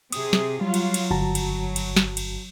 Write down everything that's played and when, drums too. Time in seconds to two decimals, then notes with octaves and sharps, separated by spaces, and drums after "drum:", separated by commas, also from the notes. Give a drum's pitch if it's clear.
0.12 C3 G#4 D#6, drum: cymbal
0.33 drum: snare
0.61 F#3 G3 F4
0.74 drum: cymbal
0.94 drum: cymbal
1.11 G1 F#3 F#4 A5 A#5
1.35 drum: cymbal
1.76 drum: cymbal
1.96 drum: snare
2.17 drum: cymbal